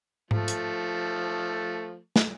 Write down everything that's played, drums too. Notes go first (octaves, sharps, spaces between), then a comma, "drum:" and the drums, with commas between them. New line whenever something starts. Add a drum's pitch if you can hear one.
F3 A3, drum: tom G#2
drum: hi-hat
drum: snare